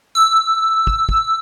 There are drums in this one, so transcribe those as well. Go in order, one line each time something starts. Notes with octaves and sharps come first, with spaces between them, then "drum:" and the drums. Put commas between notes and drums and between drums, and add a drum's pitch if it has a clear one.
E6
drum: kick
drum: kick